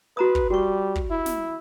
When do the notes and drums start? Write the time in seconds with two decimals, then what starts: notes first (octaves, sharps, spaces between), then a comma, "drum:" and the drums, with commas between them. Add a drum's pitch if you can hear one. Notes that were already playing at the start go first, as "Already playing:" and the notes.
0.17 F#4 B4 A#5 D#6
0.35 drum: kick
0.50 G3 F#4 C#6
0.95 drum: kick
1.11 E4
1.26 drum: snare